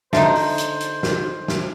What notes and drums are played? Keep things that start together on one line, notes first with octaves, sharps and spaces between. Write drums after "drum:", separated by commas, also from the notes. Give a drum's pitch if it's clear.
D3 D#4 C5 E5, drum: snare
drum: open hi-hat
drum: hi-hat
drum: hi-hat
drum: snare
drum: snare